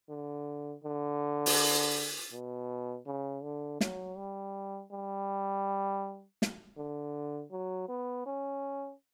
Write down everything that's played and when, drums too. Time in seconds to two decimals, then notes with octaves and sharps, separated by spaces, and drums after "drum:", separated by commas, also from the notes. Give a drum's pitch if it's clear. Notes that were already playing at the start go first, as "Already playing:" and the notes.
0.09 D3
0.84 D3
1.46 drum: open hi-hat
2.32 B2
3.06 C#3
3.43 D3
3.81 F#3, drum: snare
4.17 G3
4.91 G3
6.42 drum: snare
6.77 D3
7.51 F#3
7.88 B3
8.26 C#4